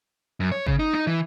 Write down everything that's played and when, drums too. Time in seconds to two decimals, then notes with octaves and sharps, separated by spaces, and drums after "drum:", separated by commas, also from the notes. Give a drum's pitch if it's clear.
0.40 F#2
0.52 C#5
0.67 C#3, drum: kick
0.79 D#4
0.95 D#4
1.07 E3